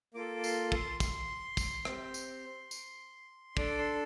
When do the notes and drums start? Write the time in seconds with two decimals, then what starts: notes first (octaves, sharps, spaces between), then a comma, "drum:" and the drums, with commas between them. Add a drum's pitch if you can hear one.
0.14 A#3 F4 A4 D6
0.44 C6, drum: tambourine
0.72 C6, drum: kick
1.00 C6, drum: kick, tambourine
1.57 drum: kick, tambourine
1.85 C4 G4, drum: rim click
2.14 drum: tambourine
2.71 drum: tambourine
3.57 D4 A4 D6, drum: kick
3.78 C6